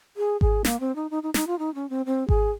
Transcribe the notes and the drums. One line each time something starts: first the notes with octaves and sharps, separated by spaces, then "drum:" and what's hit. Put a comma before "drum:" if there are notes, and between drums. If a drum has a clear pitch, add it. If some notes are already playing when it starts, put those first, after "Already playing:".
G#4
G#4, drum: kick G#1
A#3, drum: snare
C4
D#4
D#4
D#4
D#4, drum: snare
F4
D#4
C#4
C4
C4
G#4, drum: kick G#1